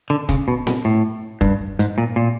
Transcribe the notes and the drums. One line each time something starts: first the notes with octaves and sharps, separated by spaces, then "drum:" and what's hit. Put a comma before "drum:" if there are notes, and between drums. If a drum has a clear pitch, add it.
D3
C#3, drum: kick, hi-hat
B2
B2, drum: snare C4
A2
G2, drum: kick
G#2, drum: hi-hat
A#2
A#2